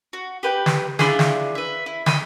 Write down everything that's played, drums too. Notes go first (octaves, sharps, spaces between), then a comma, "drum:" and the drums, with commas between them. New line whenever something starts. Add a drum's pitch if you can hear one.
F#4
G4 B4 G5
drum: snare
D4 E4 F4 G#4, drum: snare
drum: snare
B4 E5
E4
D#5 B5, drum: snare